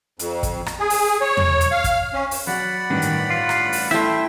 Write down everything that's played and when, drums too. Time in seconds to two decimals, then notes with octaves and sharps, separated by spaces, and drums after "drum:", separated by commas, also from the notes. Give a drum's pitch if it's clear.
0.19 F2, drum: hi-hat
0.43 drum: kick, hi-hat
0.66 drum: rim click
0.80 G#4
0.90 drum: open hi-hat
1.21 C#5
1.37 drum: tom E2
1.61 drum: hi-hat
1.71 F5
1.84 drum: kick, hi-hat
2.14 C#4
2.31 drum: open hi-hat
2.47 F#3 F#4 D5 F#5 B5
2.90 A1 G2 D#3
3.02 drum: hi-hat
3.30 F4
3.49 drum: rim click
3.72 drum: open hi-hat
3.91 A3 E4 E5 G5 C6